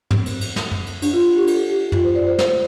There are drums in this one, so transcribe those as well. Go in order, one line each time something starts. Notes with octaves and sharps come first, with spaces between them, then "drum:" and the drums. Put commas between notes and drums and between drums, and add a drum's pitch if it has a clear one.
C4, drum: tom
drum: cymbal
drum: cymbal
drum: snare
drum: tom
drum: cymbal
D4, drum: cymbal
F4
G4
A4, drum: cymbal
G4
F4, drum: tom
C5
D5
C5
C5, drum: snare